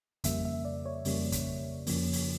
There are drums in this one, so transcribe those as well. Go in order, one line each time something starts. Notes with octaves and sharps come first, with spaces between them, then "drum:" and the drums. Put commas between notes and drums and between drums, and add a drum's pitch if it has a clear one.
F2 C#3 G3 A#3 E5, drum: kick, hi-hat
E5
D5
C#5
F2 C#3 G3 A#3, drum: open hi-hat
drum: kick, hi-hat
F2 C#3 F3 A#3, drum: open hi-hat
drum: open hi-hat